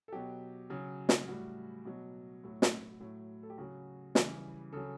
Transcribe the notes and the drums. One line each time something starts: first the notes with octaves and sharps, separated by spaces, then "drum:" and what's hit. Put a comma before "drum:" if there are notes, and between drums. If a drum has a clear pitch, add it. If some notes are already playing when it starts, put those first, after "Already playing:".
A4
B2 F#3 G4
C#3 F#3
drum: snare
A2 G3 F#4
B2 F#3
A2 F#3
drum: snare
A2 F#3
A4
G4
C#3 F#3 F#4
C#3 E3 G3, drum: snare
C#3 F#3 A4